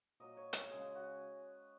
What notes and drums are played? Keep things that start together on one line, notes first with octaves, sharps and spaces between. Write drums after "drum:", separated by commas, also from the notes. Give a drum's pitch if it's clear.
A#2 F#3 D#5
C#5
C#5, drum: hi-hat
C#3 G#3 G#4
F#4